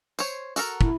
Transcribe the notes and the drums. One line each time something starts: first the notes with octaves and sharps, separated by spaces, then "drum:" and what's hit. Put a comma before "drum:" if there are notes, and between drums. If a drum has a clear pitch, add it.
C5 C#5, drum: tambourine
F#4 A4 A#4, drum: tambourine
E4, drum: kick